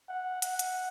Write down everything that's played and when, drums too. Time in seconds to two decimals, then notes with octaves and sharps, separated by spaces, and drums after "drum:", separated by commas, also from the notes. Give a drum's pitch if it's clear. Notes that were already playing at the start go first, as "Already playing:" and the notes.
0.09 F#5
0.42 F#5, drum: hi-hat
0.59 drum: hi-hat